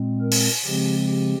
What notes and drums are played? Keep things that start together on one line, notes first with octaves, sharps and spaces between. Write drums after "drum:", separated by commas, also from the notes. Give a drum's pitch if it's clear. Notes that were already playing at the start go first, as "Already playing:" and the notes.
Already playing: A#2 G#3 C4
A#4
drum: open hi-hat
C#3 F3 G#3 C4 G4
G4